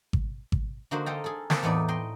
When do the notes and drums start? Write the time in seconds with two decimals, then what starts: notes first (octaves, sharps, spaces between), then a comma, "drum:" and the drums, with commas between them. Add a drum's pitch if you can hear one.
0.13 drum: kick G#1
0.52 drum: kick G#1
0.91 D3 A#3 D#4 F#4 C5
1.06 A4 C5 D#5 F5 G5 A#5
1.24 G#4 A4
1.50 A#3 C4 G#4 A4 C5 D5, drum: snare
1.63 E2 A2 B3 D#4 D5 G#5
1.88 D#5 G5 C6